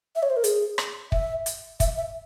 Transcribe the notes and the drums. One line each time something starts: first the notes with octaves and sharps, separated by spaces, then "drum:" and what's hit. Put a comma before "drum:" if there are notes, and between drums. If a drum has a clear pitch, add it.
E5
C#5
C5
A#4
G#4, drum: hi-hat
drum: rim click
E5, drum: kick
drum: hi-hat
E5, drum: kick, hi-hat
E5